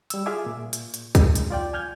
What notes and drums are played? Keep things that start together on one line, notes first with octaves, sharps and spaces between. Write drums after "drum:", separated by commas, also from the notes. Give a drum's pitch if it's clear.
G3 E6, drum: hi-hat
F4 G#4 E5 F5 G#5 D6
A#2
drum: hi-hat
drum: hi-hat
G#3, drum: kick, hi-hat
drum: hi-hat
F4 D5 G5
G#5 F6 G6 G#6